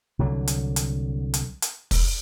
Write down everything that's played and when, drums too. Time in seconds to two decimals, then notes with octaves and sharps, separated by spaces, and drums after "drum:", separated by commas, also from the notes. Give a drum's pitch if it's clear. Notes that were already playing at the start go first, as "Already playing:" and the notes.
0.19 C2 D3 F#3
0.47 drum: hi-hat
0.76 drum: hi-hat
1.34 drum: hi-hat
1.62 drum: hi-hat
1.91 drum: kick, open hi-hat